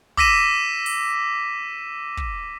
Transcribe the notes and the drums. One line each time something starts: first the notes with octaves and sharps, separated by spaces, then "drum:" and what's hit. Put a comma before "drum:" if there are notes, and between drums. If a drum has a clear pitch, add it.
D6 E6 A#6 B6 D#7 E7, drum: kick
drum: open hi-hat
drum: kick